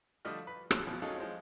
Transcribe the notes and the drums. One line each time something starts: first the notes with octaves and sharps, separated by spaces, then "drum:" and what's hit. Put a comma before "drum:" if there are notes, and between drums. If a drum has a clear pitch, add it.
D3 F3 G3 A3 D#5 F6
B4
D#2 F#3, drum: rim click
D2 B2 F3
F#3 C#4 D#4 F4 G#4 A4
F3 G#3 C4